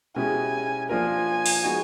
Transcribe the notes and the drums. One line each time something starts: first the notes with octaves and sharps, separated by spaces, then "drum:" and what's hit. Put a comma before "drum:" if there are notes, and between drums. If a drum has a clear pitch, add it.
B2 G#3 C#4 E4 G4 G#5
F3 A#3 D4 F4 A#4 G#5
drum: open hi-hat
G#3 B3 D#4 F#4